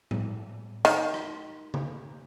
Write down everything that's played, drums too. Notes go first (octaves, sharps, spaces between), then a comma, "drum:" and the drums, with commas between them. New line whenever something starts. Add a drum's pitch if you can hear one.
drum: tom A2
D#3, drum: hi-hat
drum: rim click
drum: tom C#3